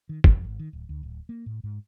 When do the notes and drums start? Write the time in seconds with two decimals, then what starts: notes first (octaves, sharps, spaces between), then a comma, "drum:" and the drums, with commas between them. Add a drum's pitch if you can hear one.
0.09 D#3
0.24 F2, drum: kick
0.45 G#1
0.59 D#3
0.73 D1
0.89 D2
1.03 D1
1.29 A#3
1.46 A2
1.64 G#2